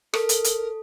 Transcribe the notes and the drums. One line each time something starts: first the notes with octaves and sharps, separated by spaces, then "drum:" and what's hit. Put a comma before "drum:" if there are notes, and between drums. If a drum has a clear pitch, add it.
A4 A#4, drum: rim click
drum: hi-hat
drum: hi-hat